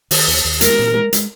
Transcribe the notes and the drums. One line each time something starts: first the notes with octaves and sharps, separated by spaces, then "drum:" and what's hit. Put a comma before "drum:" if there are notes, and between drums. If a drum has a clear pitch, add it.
D#3, drum: open hi-hat
D#2
D#2
G#3 A#4, drum: hi-hat
A#2
G#3
G#3, drum: hi-hat